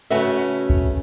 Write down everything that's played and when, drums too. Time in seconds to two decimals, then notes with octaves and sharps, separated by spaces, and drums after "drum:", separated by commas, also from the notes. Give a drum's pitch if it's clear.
0.10 C#3 A3 C#4 F#4 B4 E5
0.70 drum: kick